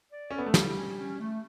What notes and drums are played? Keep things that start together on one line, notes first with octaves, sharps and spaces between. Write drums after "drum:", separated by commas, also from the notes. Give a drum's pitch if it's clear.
D5
C#4 A4
B3
A3
G3 E4, drum: snare
C#4
C#4
A3